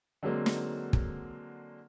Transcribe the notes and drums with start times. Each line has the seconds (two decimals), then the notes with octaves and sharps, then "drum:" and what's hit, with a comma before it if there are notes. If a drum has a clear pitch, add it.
0.23 D3 F#3 G#3 A#3 C4
0.46 drum: snare
0.93 drum: kick